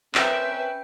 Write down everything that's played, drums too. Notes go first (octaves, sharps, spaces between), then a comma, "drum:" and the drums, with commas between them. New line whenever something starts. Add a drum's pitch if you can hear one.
C4 C#4 A#4 B4 E5 G5 G6 D7, drum: clap